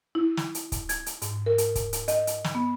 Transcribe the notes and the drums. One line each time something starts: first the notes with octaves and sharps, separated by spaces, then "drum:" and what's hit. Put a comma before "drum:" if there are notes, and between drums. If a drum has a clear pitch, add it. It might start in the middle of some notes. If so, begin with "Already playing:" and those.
E4
drum: snare
drum: hi-hat
drum: kick, hi-hat
G#6, drum: hi-hat
drum: hi-hat
G#2, drum: hi-hat
A#4
drum: hi-hat
drum: kick, hi-hat
drum: hi-hat
D#5, drum: hi-hat
drum: hi-hat
drum: snare
B3